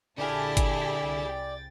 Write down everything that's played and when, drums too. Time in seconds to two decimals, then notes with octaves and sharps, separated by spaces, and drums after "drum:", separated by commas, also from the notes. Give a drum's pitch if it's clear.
0.18 A#1 D3 E4 G4 G#4 D5 F5 A5
0.57 drum: kick G1, hi-hat
0.99 C2 G5 A6